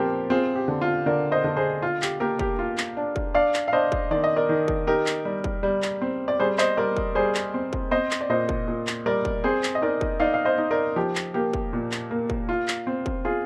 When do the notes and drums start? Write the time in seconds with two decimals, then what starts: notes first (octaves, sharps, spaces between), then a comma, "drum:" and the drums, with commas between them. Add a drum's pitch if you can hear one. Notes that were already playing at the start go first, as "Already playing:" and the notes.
Already playing: A#2 F3 C4 G4 A#4
0.30 C4 F4 G#4
0.56 G4
0.68 D3
0.81 F4
1.06 D3 A#4 D5
1.32 C5 D#5
1.44 D3
1.57 G#4 C5
1.82 F4
2.02 G4, drum: clap
2.20 A#3 G4 A#4
2.39 G4, drum: kick
2.59 F4
2.78 drum: clap
2.97 D4
3.16 drum: kick
3.35 D4 D5 F5
3.54 drum: clap
3.68 F5
3.73 D4 C5 D#5
3.92 drum: kick
4.11 D#3 D5
4.24 D#5
4.36 A#4 D5
4.49 D#3
4.68 drum: kick
4.87 D#4 G4 A#4
5.06 drum: clap
5.25 G3
5.44 drum: kick
5.63 G3
5.82 drum: clap
6.01 C4
6.28 D5
6.39 G3 G#4 C5
6.58 C5 D#5, drum: clap
6.77 G3 A#4 D5
6.97 drum: kick
7.15 G3 G#4 C5
7.35 drum: clap
7.54 C4
7.73 drum: kick
7.91 C4 C5 D#5
8.11 drum: clap
8.21 D5
8.30 A#2 C5 D#5
8.49 drum: kick
8.68 A#2
8.87 drum: clap
9.06 G3 A#4 D5
9.25 drum: kick
9.44 C4 G#4 C5
9.63 drum: clap
9.75 D#5
9.82 D#4 A#4 D5
10.01 drum: kick
10.20 D#4 D5 F5
10.34 F5
10.45 C5 D#5
10.58 D#4
10.71 A#4 D5
10.96 F3 G4
11.15 drum: clap
11.34 A#3 G4
11.53 drum: kick
11.73 A#2
11.92 drum: clap
12.11 A#3
12.30 drum: kick
12.49 F4
12.68 drum: clap
12.87 C4
13.06 drum: kick
13.25 F4 G#4